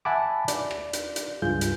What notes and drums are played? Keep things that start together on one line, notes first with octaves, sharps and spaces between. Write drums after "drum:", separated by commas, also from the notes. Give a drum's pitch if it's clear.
E5 F#5 G#5 A5 B5 D6
D5, drum: hi-hat
drum: rim click
drum: hi-hat
drum: hi-hat
C#2 G2 F4 G#4 G6
drum: hi-hat